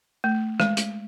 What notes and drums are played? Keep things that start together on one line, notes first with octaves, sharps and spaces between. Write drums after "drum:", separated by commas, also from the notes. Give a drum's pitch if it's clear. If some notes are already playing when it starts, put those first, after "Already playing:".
A3
G#3, drum: rim click
drum: hi-hat